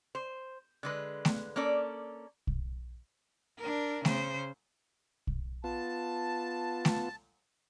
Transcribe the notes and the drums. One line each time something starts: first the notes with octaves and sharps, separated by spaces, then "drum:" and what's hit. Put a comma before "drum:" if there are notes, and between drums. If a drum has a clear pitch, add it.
C5
D3 G#3 B4
drum: snare A3
A#3 C#4 A4 D5
drum: kick
D4 A#4
C#3 C5, drum: snare A3
drum: kick
B3 F4 A5
drum: snare A3